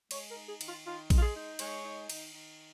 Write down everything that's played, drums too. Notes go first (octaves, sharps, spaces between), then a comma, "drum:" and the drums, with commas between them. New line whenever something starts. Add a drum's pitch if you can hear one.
G#3 C#5, drum: cymbal
A#4
D#4
G#4
D#3, drum: cymbal
F4
D#3 F4
G#3, drum: kick A#1, cymbal
F4
G#4
D#4
G#3 C#5, drum: cymbal
D#4
D#3, drum: cymbal
D#3